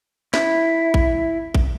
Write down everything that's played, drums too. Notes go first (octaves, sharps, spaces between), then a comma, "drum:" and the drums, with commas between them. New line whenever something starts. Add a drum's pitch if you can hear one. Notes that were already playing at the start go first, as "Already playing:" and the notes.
E4, drum: snare
drum: kick A1
drum: kick A1